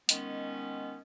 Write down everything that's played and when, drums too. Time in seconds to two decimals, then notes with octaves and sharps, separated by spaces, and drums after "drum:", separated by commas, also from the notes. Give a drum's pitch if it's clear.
0.09 D#3 G#3 B3 C#4, drum: hi-hat